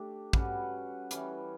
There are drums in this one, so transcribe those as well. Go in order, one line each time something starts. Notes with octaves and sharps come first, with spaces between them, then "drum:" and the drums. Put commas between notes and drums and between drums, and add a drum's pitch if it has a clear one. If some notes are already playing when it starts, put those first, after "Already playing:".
Already playing: A3 D4 G4
G3 C#4 F#4 B4, drum: kick
E3 G3 C#4, drum: hi-hat